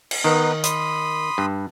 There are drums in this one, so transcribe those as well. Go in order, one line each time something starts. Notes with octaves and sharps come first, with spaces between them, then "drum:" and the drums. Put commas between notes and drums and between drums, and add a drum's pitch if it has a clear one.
drum: cymbal
D#3 B3 D#4 B4
B5 C6 D#6, drum: hi-hat
G2